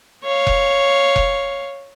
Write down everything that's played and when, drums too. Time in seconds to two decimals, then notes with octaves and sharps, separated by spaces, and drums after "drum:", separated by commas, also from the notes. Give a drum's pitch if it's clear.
0.24 C#5 F5
0.47 drum: kick F1
1.16 drum: kick F1